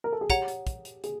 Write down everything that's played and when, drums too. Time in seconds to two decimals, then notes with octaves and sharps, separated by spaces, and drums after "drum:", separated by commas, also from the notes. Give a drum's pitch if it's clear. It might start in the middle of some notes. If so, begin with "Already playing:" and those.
0.04 A#4
0.13 A4
0.21 G#4
0.30 G4 C#5 F#5 A#5, drum: kick, hi-hat
0.48 drum: hi-hat
0.67 drum: kick, hi-hat
0.85 drum: hi-hat
1.04 G#4, drum: hi-hat